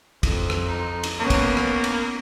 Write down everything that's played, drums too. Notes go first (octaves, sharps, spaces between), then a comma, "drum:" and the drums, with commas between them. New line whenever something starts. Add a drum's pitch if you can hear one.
F2, drum: kick, cymbal
drum: rim click
D#4
drum: cymbal
A#3 B3 C#4
drum: kick, cymbal
drum: rim click
drum: cymbal